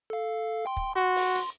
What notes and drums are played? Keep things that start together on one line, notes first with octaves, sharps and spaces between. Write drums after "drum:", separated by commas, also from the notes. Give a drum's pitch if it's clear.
A4 F5
G5 C6
drum: kick
F#4 C6
drum: open hi-hat
drum: hi-hat